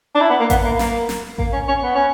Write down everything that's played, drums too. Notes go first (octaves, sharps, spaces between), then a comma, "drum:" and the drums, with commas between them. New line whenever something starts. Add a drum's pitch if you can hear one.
D4
E4
B3
A#3
B3, drum: kick A1, hi-hat
A#3
A#3, drum: snare
drum: snare
A#3, drum: kick A1
C#4
C#4
B3
C#4